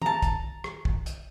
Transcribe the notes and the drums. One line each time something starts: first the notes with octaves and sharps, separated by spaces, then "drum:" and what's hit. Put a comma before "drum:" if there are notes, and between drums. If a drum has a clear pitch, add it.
A5 A#5, drum: tom
drum: kick, hi-hat
drum: rim click
drum: kick
drum: hi-hat